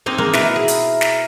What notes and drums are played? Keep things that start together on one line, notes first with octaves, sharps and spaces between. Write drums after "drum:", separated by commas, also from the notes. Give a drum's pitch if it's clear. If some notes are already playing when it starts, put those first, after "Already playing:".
A#3 C4 D#4
G#3 A#3 A#4
B2 E4 A#4 B4, drum: snare
G#4
drum: hi-hat
drum: snare